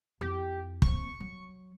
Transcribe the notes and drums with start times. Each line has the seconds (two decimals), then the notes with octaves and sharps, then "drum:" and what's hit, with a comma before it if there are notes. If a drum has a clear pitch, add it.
0.21 F2 E4 G4
0.82 A#3 C4 C#6, drum: kick
1.20 F#3